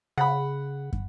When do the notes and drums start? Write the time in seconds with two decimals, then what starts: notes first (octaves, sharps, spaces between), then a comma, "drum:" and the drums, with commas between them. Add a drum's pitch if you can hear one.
0.18 C#3 F#5 B5
0.93 drum: kick